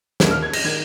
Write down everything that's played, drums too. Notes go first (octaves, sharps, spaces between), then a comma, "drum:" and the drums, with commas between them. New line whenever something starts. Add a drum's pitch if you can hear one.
D#2 D#3 G#6, drum: snare
F6
G#6
A#6, drum: cymbal
D#3 G#6